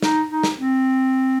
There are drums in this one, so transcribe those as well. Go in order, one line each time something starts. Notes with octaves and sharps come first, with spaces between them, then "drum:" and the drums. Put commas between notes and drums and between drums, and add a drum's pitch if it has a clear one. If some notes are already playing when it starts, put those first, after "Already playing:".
D#4, drum: snare
D#4
drum: snare
C4